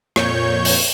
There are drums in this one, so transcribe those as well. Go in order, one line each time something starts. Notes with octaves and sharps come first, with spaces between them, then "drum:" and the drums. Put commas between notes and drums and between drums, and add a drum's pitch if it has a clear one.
F2 A#2 C#5 C#6 G6, drum: rim click
drum: open hi-hat